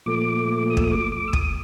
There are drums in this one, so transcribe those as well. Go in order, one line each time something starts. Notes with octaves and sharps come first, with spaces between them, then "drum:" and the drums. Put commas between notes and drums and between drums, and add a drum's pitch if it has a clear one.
A#2 F3 A3 D6
D#6
E6, drum: kick
D#6
D6
D6
E6
D#6, drum: kick